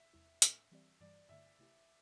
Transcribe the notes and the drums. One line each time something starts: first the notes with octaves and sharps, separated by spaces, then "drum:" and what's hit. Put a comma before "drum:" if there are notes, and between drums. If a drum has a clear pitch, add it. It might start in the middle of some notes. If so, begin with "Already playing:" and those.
Already playing: E5
E2 C3 G3 E4
A2 A3 D4 A4, drum: hi-hat
E3 G3 C4 G4 D5
G2 E3 G3 D5
G2 D3 A3 E5
C3 A3 E4 G4